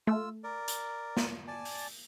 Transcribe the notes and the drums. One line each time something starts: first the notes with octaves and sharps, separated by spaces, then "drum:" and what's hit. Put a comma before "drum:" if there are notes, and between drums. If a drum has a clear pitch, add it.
A3 F4 E6
A#4 D5
drum: hi-hat
drum: snare
D5 G#5 A5
drum: open hi-hat